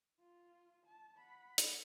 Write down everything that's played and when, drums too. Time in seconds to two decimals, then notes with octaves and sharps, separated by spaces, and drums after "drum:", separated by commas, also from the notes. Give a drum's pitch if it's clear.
0.20 F4
0.86 A5
1.17 F#5 B5
1.58 drum: hi-hat